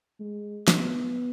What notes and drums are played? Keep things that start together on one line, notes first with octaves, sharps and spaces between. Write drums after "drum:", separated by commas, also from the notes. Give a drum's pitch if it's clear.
G#3
B3, drum: snare